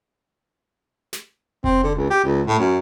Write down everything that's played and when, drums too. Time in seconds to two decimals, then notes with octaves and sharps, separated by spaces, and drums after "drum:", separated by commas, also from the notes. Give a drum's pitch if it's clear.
1.13 drum: snare
1.64 C4, drum: kick F1
1.84 D3
1.95 C#2
2.10 G4
2.24 C#2
2.47 A2
2.59 F#2